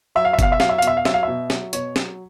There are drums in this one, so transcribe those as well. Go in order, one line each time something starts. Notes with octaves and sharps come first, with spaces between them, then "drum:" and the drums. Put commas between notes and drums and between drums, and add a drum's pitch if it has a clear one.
F#3 E5
F5
E5
B2 F5, drum: kick F#1, hi-hat
E5
F#3 F5, drum: snare
E5
F5
B2, drum: hi-hat
E5
F5
F#3 E5, drum: snare
F5
B2 E5
F#3, drum: snare
B2 C#5, drum: hi-hat
F#3, drum: snare